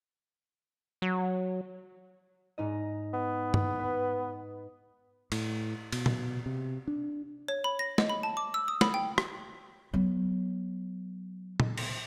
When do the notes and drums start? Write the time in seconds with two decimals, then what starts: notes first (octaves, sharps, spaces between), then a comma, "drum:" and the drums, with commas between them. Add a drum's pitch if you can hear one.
1.02 F#3
2.58 G#2 D#4 D#5
3.14 B3
3.54 drum: tom G2
3.79 B4
5.32 A2, drum: cymbal
5.92 B2, drum: cymbal
6.06 drum: tom A#2
6.46 C3
6.87 D4
7.48 C#5
7.64 B5
7.79 A#6
7.98 D#5, drum: snare
8.09 B5
8.23 A5
8.37 D6
8.54 E6
8.68 D#6
8.81 B5, drum: snare
8.94 G5
9.18 drum: rim click
9.94 F#3 B3
11.60 drum: tom A#2
11.77 drum: cymbal